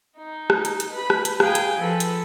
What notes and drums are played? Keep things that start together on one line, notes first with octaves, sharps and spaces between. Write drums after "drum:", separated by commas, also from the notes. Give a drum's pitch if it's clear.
D#4
drum: rim click
drum: hi-hat
drum: hi-hat
B4 B5
drum: rim click
drum: hi-hat
G#4 F5 G5 G#5, drum: rim click
drum: hi-hat
F3 A4 B4
drum: hi-hat